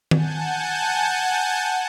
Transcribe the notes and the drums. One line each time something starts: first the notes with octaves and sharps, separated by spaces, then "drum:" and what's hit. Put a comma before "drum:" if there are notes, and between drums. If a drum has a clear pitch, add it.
F#5 G#5 A5 G6, drum: tom D#3